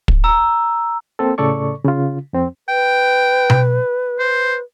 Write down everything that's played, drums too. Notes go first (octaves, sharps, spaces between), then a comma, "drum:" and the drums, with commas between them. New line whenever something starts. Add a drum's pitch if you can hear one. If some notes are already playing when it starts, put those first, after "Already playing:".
drum: kick
A#5 E6
A#3 C4 A4
A2 C#3 A4 D5 C#6
C#3 F4
F2 C4
B4 G5
drum: tom B2
C5